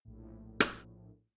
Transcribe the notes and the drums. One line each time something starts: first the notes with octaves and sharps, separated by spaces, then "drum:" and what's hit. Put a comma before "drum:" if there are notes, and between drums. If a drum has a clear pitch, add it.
A#1 A2
drum: rim click